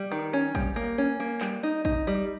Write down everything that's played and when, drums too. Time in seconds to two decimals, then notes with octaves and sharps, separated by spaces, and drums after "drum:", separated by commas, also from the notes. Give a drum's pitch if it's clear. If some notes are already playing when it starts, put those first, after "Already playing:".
Already playing: G3
0.12 D#3
0.33 C#4
0.55 G3, drum: kick
0.76 A#3
0.98 C#4
1.20 A#3
1.41 G3, drum: clap
1.63 D#4
1.85 D#4, drum: kick
2.07 G3